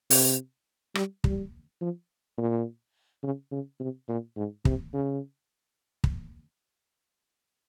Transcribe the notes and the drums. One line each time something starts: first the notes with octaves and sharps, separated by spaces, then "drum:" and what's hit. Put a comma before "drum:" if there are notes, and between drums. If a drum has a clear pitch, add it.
C3, drum: open hi-hat
G3, drum: rim click
G3, drum: kick
F3
A#2
C#3
C#3
C3
A#2
G#2
C3, drum: kick
C#3
drum: kick